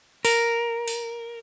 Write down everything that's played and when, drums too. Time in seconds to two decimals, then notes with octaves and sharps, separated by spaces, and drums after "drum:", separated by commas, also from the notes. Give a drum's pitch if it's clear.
0.25 A#4, drum: open hi-hat
0.88 drum: open hi-hat